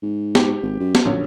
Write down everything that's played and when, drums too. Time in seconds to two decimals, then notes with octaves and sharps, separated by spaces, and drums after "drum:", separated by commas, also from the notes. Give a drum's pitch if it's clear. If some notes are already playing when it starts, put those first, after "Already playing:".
0.02 G#2
0.35 G4, drum: snare
0.62 G#1
0.80 F#2
0.95 drum: snare
1.05 A#1 F#2 D3 C#5